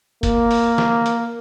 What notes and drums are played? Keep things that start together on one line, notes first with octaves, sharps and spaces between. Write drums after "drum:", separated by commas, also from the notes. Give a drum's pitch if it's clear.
A#3, drum: kick, hi-hat
drum: open hi-hat
drum: snare
drum: hi-hat